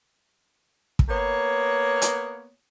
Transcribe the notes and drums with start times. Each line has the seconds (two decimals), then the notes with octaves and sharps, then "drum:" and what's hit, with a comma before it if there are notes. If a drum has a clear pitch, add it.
0.99 drum: kick
1.09 A#3 B3 C#5
2.02 drum: hi-hat